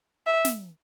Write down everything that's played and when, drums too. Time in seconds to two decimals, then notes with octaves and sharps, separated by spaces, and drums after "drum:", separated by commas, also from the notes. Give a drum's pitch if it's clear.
0.27 E5
0.45 drum: snare